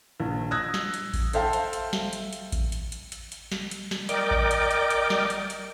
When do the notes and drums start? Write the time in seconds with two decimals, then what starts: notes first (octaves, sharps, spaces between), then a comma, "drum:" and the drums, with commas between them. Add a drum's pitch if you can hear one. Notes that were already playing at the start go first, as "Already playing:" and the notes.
0.20 A#1
0.51 D#6 E6 F#6 G#6 A#6
0.74 drum: snare
0.94 drum: hi-hat
1.14 drum: kick A1, open hi-hat
1.33 A4 C5 E5 F5 G5 A5, drum: hi-hat
1.53 drum: hi-hat
1.73 drum: hi-hat
1.93 drum: snare
2.13 drum: hi-hat
2.33 drum: hi-hat
2.52 drum: kick A1, hi-hat
2.72 drum: hi-hat
2.92 drum: hi-hat
3.12 drum: hi-hat
3.32 drum: hi-hat
3.52 drum: snare
3.71 drum: hi-hat
3.91 drum: snare
4.09 A#4 D5 D#5 G5 D6, drum: hi-hat
4.31 drum: kick A1
4.51 drum: hi-hat
4.71 drum: hi-hat
4.90 drum: hi-hat
5.10 drum: snare
5.30 drum: hi-hat
5.50 drum: hi-hat